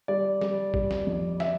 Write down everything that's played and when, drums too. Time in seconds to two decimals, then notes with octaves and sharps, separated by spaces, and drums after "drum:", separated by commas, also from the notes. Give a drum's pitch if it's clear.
0.08 G3 D5
0.41 G3, drum: snare
0.74 G3, drum: kick
0.91 drum: snare
1.07 F2
1.40 E5, drum: snare